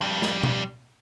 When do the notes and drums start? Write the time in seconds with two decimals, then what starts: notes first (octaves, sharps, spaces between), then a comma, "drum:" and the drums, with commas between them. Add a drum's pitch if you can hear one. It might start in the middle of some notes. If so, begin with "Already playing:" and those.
0.01 F2 G3
0.22 drum: snare
0.43 drum: tom B2